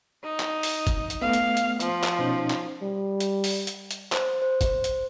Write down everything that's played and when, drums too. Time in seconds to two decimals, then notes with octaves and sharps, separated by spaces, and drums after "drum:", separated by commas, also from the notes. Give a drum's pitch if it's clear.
0.23 D#4
0.40 drum: clap
0.63 drum: open hi-hat
0.87 drum: kick, hi-hat
1.10 drum: hi-hat
1.22 A3 B3 F5
1.33 drum: hi-hat
1.57 drum: hi-hat
1.80 F3, drum: hi-hat
2.04 drum: clap
2.19 B2 C#4 D#4
2.50 drum: clap
2.82 G3
3.20 drum: hi-hat
3.44 drum: open hi-hat
3.67 drum: hi-hat
3.91 drum: hi-hat
4.12 C5, drum: clap
4.42 C5
4.61 drum: kick, hi-hat
4.84 drum: hi-hat